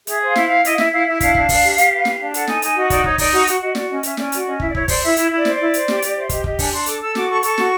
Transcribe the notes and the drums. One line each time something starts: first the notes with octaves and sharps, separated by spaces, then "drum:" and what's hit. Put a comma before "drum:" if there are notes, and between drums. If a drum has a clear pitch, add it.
G#4 E5, drum: hi-hat
C5
F5
E4, drum: snare
E4 F5
E4 D#5, drum: hi-hat
F5
E4 E5, drum: snare
E4 F5
E4 E5
D4 F5, drum: kick, hi-hat
D4, drum: kick
D4, drum: kick, open hi-hat
G4
G4, drum: hi-hat
B4
G4, drum: snare
D4
A4 F#5, drum: hi-hat
D#4 G#5, drum: snare
D#4 G#5, drum: hi-hat
F#4 D#5
D#4 D5, drum: kick, hi-hat
D#4 C#5, drum: kick
D#4 D5, drum: kick, open hi-hat
F#4 D#5
F#4, drum: hi-hat
F#4 D#5
F#4 D5, drum: snare
C#4 D#5
C#4 E5, drum: hi-hat
C#4 D5, drum: snare
F#4 D5, drum: hi-hat
C#4 D#5
E4 E5, drum: kick
D5
E4 C#5, drum: kick
C5 D5, drum: kick, open hi-hat
E4 E5
E4, drum: hi-hat
E4
D5
C5, drum: snare
D5
E4
C5, drum: hi-hat
G4, drum: snare
G4, drum: hi-hat
C5 E5
G4 D#5, drum: kick, hi-hat
G4 D#5, drum: kick
D4 G#5, drum: kick, open hi-hat
D4 C6
A4 D6, drum: hi-hat
A4 E6
F#4 D6, drum: snare
A4 C#6
A4 C#6, drum: hi-hat
F#4, drum: snare